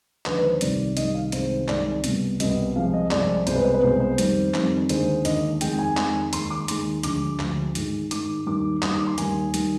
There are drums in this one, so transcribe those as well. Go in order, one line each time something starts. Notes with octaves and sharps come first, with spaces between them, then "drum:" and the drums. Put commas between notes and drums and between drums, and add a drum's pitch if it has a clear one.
D#2 D3 F3 G#3 B4, drum: clap
B4
C5
C2 C3 D#3 G3 D5, drum: hi-hat
C2 C3 D#3 G3 D#5, drum: hi-hat
F5
C2 C3 D#3 G#3 C5, drum: hi-hat
C2 C3 D#3 G#3 D5, drum: clap
C2 B2 G3, drum: hi-hat
C2 B2 G3 D#5, drum: hi-hat
C2 C3 F3 G#3 F5
D#5
C2 C3 F3 G#3 D5, drum: clap
C2 B2 G#3 C5, drum: hi-hat
B4
C5
B4
C2 B2 G#3 C5
C5
F2 D#3 G3, drum: hi-hat
F2 D#3 G3, drum: clap
D#2 D3 G#3 C5, drum: hi-hat
D#2 D3 G#3 D#5, drum: hi-hat
F2 D#3 G#3 G5, drum: hi-hat
G#5
F2 D#3 G#3, drum: clap
D#2 D#3 G#3 C6, drum: hi-hat
D6
D#2 D#3 G#3 C6, drum: hi-hat
D2 D3 F3 G#3 D6, drum: hi-hat
D2 D3 F3 G#3, drum: clap
G#2 D#3 G#3, drum: hi-hat
G#2 D#3 G#3 D6, drum: hi-hat
D#2 D#3 G3 D6
D#2 D#3 G3 D#6, drum: clap
D6
C6
D#2 D#3 G3 G#5, drum: hi-hat
D#3 G3, drum: hi-hat